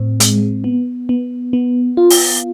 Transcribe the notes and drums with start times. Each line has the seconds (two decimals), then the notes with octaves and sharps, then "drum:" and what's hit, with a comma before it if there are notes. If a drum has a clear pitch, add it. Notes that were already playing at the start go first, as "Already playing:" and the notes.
Already playing: A2 C4
0.20 G#3, drum: hi-hat
0.64 B3
1.09 B3
1.53 B3
1.97 F4
2.10 drum: open hi-hat